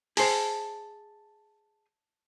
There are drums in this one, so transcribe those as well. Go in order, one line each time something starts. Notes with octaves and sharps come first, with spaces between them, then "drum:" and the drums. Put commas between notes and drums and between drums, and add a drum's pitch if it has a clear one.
G#4 C5 A5, drum: open hi-hat